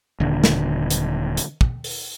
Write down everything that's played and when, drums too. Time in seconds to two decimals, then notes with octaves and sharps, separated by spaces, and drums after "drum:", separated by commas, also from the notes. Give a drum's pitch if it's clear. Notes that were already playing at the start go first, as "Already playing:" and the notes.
0.20 D#1 D3
0.44 drum: snare
0.90 drum: hi-hat
1.37 drum: hi-hat
1.61 drum: kick
1.84 drum: open hi-hat